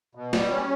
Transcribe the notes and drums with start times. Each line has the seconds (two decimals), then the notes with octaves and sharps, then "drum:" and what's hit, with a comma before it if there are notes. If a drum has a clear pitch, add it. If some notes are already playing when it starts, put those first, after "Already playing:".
0.15 B2
0.33 G3, drum: snare
0.51 C#4